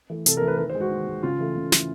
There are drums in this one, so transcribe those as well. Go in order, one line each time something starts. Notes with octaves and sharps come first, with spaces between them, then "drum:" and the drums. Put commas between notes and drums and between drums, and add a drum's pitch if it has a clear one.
E3 A3
C3 A4, drum: hi-hat
A#4
E3 A3
B4
D#3 B4
C5
G#3
F#4
D#3
G#3
C#3 F4
E3 A3
C#3
E3 A3, drum: snare